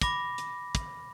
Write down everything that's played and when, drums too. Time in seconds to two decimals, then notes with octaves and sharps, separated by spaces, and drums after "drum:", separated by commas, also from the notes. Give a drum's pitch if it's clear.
0.02 B5 D6 A#6, drum: kick, hi-hat
0.38 drum: hi-hat
0.75 drum: kick, hi-hat